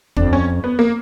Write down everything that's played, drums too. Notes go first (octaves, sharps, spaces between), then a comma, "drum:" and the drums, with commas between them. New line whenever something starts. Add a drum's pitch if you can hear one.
F2 D4, drum: kick
C#4
B3
A#3